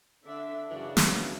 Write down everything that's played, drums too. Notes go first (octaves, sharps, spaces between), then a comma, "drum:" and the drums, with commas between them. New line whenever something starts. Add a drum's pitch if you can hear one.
D3 D4 E5
F#2 C#3 E3 D4 F#4 D5
drum: snare